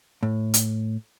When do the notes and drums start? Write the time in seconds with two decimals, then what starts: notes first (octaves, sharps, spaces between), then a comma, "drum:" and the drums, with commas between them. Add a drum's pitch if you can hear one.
0.23 A2
0.54 drum: hi-hat